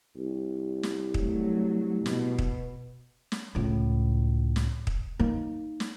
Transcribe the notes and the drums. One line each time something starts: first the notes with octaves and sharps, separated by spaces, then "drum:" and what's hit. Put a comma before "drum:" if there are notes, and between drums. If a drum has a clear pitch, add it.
C2
drum: snare
F#3 A3, drum: kick
B2, drum: snare
drum: kick
drum: snare
C#2 A2
drum: snare
drum: kick
A#3 D#4
drum: snare